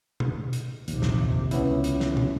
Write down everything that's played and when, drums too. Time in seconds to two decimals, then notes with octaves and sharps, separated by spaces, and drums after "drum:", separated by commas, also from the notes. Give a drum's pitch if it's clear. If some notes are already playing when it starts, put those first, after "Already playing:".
0.20 drum: tom B2
0.53 drum: hi-hat
0.88 A#1 D#2 C3, drum: hi-hat
1.02 drum: snare
1.19 drum: tom F2
1.51 C#2 B3 C#4 E4, drum: hi-hat
1.84 drum: hi-hat
2.00 drum: snare
2.17 drum: tom